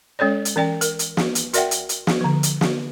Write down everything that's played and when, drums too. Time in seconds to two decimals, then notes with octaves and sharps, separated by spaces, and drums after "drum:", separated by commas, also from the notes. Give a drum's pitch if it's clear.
0.19 G#3 C#4 A4 C#5 D5
0.45 drum: hi-hat
0.56 E3 C#4 D5 G5
0.81 A#4, drum: hi-hat
0.99 drum: hi-hat
1.17 drum: snare
1.35 drum: hi-hat
1.53 F#4 A#4 D5 E5 F#5 G5, drum: hi-hat
1.71 drum: hi-hat
1.89 drum: hi-hat
2.07 drum: snare
2.21 D3 F3
2.43 drum: hi-hat
2.61 drum: snare